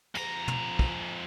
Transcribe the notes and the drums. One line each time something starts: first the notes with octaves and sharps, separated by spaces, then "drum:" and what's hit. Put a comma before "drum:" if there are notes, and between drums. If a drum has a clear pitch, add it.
F2 A#5, drum: cymbal
drum: tom
drum: kick